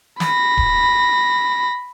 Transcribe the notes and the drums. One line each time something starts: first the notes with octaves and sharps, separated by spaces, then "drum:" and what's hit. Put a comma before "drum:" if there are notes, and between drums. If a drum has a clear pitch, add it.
B5 A#6, drum: snare
drum: kick D1